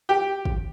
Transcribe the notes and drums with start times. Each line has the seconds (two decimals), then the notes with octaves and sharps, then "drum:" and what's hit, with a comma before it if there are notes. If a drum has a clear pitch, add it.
0.09 G4
0.45 drum: kick